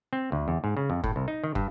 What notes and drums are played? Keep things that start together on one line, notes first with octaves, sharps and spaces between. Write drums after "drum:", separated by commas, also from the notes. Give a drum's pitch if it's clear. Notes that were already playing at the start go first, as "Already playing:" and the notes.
C4
D2
E2
G#2
C#3
F2
A2, drum: kick
C2
D#4
D#3
G2, drum: kick